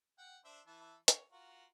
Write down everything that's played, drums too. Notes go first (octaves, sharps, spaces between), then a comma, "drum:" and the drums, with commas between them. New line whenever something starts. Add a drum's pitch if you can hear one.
F#5 G5
D4 C5 E5
E3 E5 A5
C#5, drum: hi-hat
F4 F#4 A#4